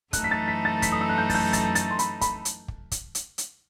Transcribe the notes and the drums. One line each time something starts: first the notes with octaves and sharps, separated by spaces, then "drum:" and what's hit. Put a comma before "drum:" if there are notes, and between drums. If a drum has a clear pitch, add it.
F#2 E3 A3 D#4 A4 F#6, drum: kick, hi-hat
B6
A6
B6
A6
B6, drum: kick, hi-hat
D#6
E6
F#6
G6
A6, drum: kick, open hi-hat
G6
A6, drum: kick, hi-hat
A6, drum: hi-hat
C6
B5, drum: hi-hat
B5, drum: kick, hi-hat
drum: hi-hat
drum: kick
drum: kick, hi-hat
drum: hi-hat
drum: hi-hat